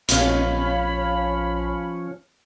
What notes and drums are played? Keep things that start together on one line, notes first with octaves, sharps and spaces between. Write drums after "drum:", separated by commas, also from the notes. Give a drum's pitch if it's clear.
A#1 F3 C#4 C#5 F5 B5 F6, drum: hi-hat